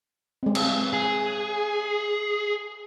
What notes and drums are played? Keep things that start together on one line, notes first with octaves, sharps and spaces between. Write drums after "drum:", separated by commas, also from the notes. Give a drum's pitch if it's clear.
G#3 C4
drum: cymbal
G#4